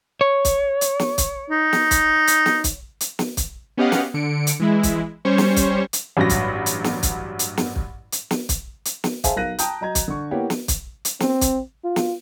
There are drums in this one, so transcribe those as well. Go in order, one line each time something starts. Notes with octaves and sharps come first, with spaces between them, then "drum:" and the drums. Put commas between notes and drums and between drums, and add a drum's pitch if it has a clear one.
C#5
drum: kick, hi-hat
drum: hi-hat
drum: snare
drum: kick, hi-hat
D#4
drum: snare
drum: kick, hi-hat
drum: hi-hat
drum: snare
drum: kick, hi-hat
drum: hi-hat
drum: snare
drum: kick, hi-hat
B3 C#4 G4 D#5 F5 F#5
drum: snare
D3 C#7 D7
drum: hi-hat
E3 G#3 E4
drum: kick, hi-hat
G3 C#4 C5 C#5 C#6
drum: snare
drum: kick, hi-hat
drum: hi-hat
A1 G2 F#3 B5 A#6
drum: kick, hi-hat
drum: hi-hat
drum: snare
drum: kick, hi-hat
drum: hi-hat
drum: snare
drum: kick
drum: hi-hat
drum: snare
drum: kick, hi-hat
drum: hi-hat
drum: snare
G#4 C5 E5 F5 G#5 A5, drum: kick, hi-hat
B1 A#4 F5 F#6 A#6 D#7
G5 A5 A#5 D#6 G6, drum: hi-hat
F#3 D#5 A#5 G#6
drum: kick, hi-hat
D3 C#6
A#3 B3 E4 G4 C#5 F#5
drum: snare
drum: kick, hi-hat
drum: hi-hat
C4, drum: snare
drum: kick, hi-hat
F4
drum: snare